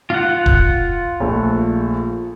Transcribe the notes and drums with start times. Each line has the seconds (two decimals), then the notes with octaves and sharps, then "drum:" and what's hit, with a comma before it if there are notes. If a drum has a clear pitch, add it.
0.10 F4 F#5
0.46 drum: kick D#1
1.20 A#1 A3